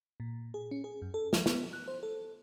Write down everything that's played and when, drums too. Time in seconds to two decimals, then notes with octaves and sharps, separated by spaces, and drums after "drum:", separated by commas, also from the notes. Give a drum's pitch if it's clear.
0.20 A#2
0.54 G#4
0.71 C#4
0.84 G#4
1.02 F#2
1.14 A4
1.33 F3, drum: snare
1.46 B3, drum: snare
1.73 F#6
1.88 C5
2.03 A4